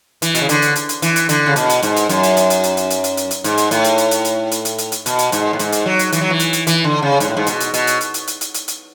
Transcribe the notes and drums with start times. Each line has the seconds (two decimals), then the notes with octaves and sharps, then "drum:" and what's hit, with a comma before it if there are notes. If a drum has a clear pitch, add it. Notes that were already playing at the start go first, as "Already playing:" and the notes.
0.22 E3, drum: hi-hat
0.35 B2, drum: hi-hat
0.41 C#3
0.49 D3, drum: hi-hat
0.62 drum: hi-hat
0.76 drum: hi-hat
0.89 drum: hi-hat
1.02 E3, drum: hi-hat
1.16 drum: hi-hat
1.29 D3, drum: hi-hat
1.46 C#3
1.56 B2, drum: hi-hat
1.69 drum: hi-hat
1.82 G#2, drum: hi-hat
1.96 drum: hi-hat
2.09 F#2, drum: hi-hat
2.23 drum: hi-hat
2.37 drum: hi-hat
2.50 drum: hi-hat
2.63 drum: hi-hat
2.77 drum: hi-hat
2.90 drum: hi-hat
3.04 drum: hi-hat
3.17 drum: hi-hat
3.31 drum: hi-hat
3.44 G#2, drum: hi-hat
3.57 drum: hi-hat
3.71 A2, drum: hi-hat
3.84 drum: hi-hat
3.98 drum: hi-hat
4.11 drum: hi-hat
4.25 drum: hi-hat
4.51 drum: hi-hat
4.65 drum: hi-hat
4.78 drum: hi-hat
4.92 drum: hi-hat
5.06 B2, drum: hi-hat
5.19 drum: hi-hat
5.32 G#2, drum: hi-hat
5.53 A2
5.59 G#2, drum: hi-hat
5.72 drum: hi-hat
5.86 F#3
5.99 drum: hi-hat
6.12 E3, drum: hi-hat
6.21 F#3
6.30 E3
6.39 drum: hi-hat
6.53 drum: hi-hat
6.67 E3, drum: hi-hat
6.84 D3
7.02 C#3
7.20 G#2, drum: hi-hat
7.28 A2
7.37 G#2
7.46 B2, drum: hi-hat
7.60 drum: hi-hat
7.74 B2, drum: hi-hat
7.87 drum: hi-hat
8.01 drum: hi-hat
8.14 drum: hi-hat
8.27 drum: hi-hat
8.41 drum: hi-hat
8.54 drum: hi-hat
8.68 drum: hi-hat